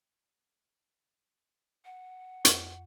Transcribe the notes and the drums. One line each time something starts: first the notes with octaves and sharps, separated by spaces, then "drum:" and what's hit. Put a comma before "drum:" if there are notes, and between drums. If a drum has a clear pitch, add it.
F#5
F2 C#6, drum: hi-hat